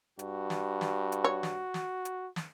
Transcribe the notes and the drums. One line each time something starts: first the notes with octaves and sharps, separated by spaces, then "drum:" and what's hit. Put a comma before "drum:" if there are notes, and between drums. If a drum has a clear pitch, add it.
G2 F#4, drum: hi-hat
drum: snare
drum: snare
drum: hi-hat
C#5
drum: snare
drum: snare
drum: hi-hat
drum: snare